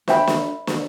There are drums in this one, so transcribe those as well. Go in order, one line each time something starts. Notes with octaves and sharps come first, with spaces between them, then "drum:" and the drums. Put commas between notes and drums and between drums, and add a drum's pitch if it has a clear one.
C5 E5 G5 B5, drum: snare
drum: snare
drum: snare